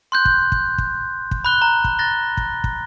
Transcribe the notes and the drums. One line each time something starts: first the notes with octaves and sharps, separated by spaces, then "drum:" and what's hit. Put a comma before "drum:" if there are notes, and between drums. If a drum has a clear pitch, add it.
C6 F#6 G6
drum: kick
drum: kick
drum: kick
drum: kick
B5 F#6 G7
A#5
drum: kick
F#6 A6 A#6 G7
drum: kick
drum: kick